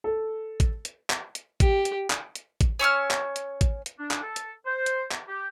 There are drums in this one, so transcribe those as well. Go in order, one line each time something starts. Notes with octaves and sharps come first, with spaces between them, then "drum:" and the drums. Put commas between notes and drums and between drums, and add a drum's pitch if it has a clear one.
A4
drum: kick A1, hi-hat
drum: hi-hat
drum: clap
drum: hi-hat
G4, drum: kick A1, hi-hat
drum: hi-hat
drum: clap
drum: hi-hat
drum: kick A1, hi-hat
C#4 C#5 E6 F6
drum: clap
drum: hi-hat
drum: kick A1, hi-hat
drum: hi-hat
D4
drum: clap
A4
drum: hi-hat
C5
drum: hi-hat
drum: clap
G4